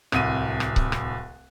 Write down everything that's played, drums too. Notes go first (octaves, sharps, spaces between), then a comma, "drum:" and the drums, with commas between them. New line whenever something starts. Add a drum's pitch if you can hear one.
D1 C2 D#7, drum: rim click
drum: rim click
drum: kick C#1
drum: rim click